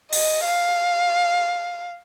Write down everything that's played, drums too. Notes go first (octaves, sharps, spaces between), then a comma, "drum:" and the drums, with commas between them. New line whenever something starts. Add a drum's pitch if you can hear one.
D#5, drum: open hi-hat
F5